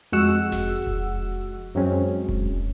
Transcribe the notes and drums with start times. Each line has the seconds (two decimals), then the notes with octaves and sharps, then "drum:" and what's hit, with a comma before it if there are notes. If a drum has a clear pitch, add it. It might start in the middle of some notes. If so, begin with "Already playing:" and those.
0.12 F2 G#3 F#4 F#5 E6
0.52 drum: snare F1
0.87 drum: kick E1
1.75 F#2 F#3 G#3 C4 C#4
2.29 drum: kick E1